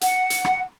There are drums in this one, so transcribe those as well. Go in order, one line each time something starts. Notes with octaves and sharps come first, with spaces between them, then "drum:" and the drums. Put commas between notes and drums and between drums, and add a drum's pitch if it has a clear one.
F#5, drum: hi-hat
drum: hi-hat
drum: rim click